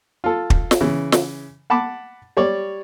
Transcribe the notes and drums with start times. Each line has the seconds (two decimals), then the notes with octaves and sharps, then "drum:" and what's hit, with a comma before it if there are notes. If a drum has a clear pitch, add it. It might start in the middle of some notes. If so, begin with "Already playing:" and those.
0.24 F4 A4
0.50 drum: kick
0.71 drum: snare
0.81 C#3 E3
1.12 drum: snare
1.70 F#5 A5 B5 D6
2.37 G3 C#5 D5